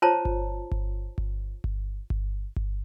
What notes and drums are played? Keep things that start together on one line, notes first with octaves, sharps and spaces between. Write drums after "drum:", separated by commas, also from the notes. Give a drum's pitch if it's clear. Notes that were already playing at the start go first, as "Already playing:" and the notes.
F4 C5 C#5 A5 A#5
drum: kick G1
drum: kick G1
drum: kick G1
drum: kick G1
drum: kick G1
drum: kick G1